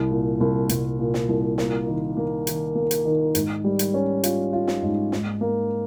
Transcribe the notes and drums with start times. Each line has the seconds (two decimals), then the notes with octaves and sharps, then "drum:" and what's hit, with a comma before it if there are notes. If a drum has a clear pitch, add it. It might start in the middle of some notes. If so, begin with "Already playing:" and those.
Already playing: C2
0.11 A#2
0.41 C2
0.69 C2, drum: hi-hat
0.99 A#2
1.14 drum: snare
1.29 C2
1.58 A#3, drum: snare
1.87 D#3
2.17 A#3
2.47 D#3, drum: hi-hat
2.75 A#3
2.91 drum: hi-hat
3.05 D#3
3.35 G#2, drum: hi-hat
3.64 G3
3.79 drum: hi-hat
3.94 C#4
4.23 F4, drum: hi-hat
4.53 F4
4.68 drum: snare
4.83 G#2
5.12 G#2, drum: snare
5.41 A#3